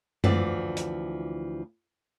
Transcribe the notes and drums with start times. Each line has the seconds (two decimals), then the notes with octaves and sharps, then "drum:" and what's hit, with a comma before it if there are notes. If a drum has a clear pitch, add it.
0.24 D2 E3 F3 D5, drum: tom F#2
0.77 drum: hi-hat